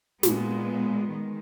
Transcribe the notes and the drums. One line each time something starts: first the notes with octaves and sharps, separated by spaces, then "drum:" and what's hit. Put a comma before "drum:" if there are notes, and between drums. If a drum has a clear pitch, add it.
A#2 G#3 B3, drum: snare
D#3 G#3